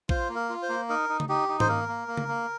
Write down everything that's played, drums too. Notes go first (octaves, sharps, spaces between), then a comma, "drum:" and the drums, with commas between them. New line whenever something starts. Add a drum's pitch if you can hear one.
F4 C5, drum: kick A#1
A#3
A#4
F4
C5
A#3
D#4 A#4
D#4
drum: tom C#3
D#4 G4
D#4
C5, drum: tom G#2
A#3 A#4
A#3
A#3
drum: tom C#3
A#3